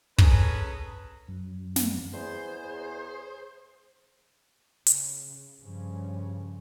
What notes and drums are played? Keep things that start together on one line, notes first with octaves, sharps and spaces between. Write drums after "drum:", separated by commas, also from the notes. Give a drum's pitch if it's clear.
C#4 G#4 A4 B4 A#5, drum: kick
F#2
drum: snare
E2 G#4 C5
C#3, drum: hi-hat
G2 C#3 F3 C#4